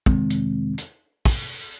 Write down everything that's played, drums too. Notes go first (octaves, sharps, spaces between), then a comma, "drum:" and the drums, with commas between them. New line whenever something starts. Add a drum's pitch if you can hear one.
F2 C3 D#3 G#3 C4, drum: kick
drum: hi-hat
drum: hi-hat
drum: kick, open hi-hat